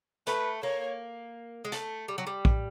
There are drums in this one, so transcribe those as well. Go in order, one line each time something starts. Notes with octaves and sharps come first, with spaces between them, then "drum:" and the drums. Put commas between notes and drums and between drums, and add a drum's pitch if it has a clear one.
A3 B4, drum: hi-hat
A#3 C#5
G#3
A3, drum: hi-hat
G3
F#3
G3
drum: kick A#1